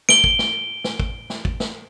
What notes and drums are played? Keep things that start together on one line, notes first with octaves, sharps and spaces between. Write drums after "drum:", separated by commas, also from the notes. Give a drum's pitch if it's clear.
D7 G7, drum: snare
drum: kick
drum: snare
drum: snare
drum: kick
drum: snare
drum: kick
drum: snare